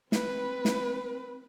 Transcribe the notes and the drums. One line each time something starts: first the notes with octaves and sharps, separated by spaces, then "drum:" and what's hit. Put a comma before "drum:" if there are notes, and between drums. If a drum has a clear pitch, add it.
C4 B4, drum: snare
drum: snare